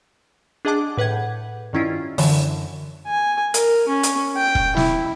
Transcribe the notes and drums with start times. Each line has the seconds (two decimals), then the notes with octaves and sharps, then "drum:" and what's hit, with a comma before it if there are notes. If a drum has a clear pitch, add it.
0.65 D4 G#4 D#5 F#5 A5 D6
0.98 A2 B4 F#5 G6 G#6
1.73 G2 D#3 C#4 E4 F4
2.18 F#2 D3 E3, drum: open hi-hat
3.07 G#5
3.54 A#4, drum: hi-hat
3.88 C#4
4.03 drum: hi-hat
4.37 G5
4.55 drum: kick
4.77 E4, drum: snare